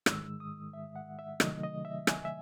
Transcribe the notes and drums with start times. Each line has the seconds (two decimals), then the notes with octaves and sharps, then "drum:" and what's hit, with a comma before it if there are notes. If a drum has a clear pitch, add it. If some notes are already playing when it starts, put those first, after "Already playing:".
0.06 G#2 D#3 G#3 E6, drum: rim click
0.40 D#6
0.73 E5
0.96 F#5
1.19 E5
1.40 C3 D#3 F#3 A3 D#5, drum: rim click
1.63 D#5
1.85 E5
2.07 G#5, drum: rim click
2.25 E5